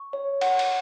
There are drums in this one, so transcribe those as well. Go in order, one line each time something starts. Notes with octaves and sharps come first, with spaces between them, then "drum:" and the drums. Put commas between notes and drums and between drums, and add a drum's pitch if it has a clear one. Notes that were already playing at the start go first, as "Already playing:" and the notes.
Already playing: C#6
C#5
F#5, drum: cymbal
drum: cymbal